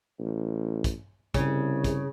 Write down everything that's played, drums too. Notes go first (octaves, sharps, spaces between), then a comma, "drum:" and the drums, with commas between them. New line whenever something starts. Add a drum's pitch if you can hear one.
A1
drum: kick, hi-hat
C2 C#3, drum: kick, hi-hat
drum: kick, hi-hat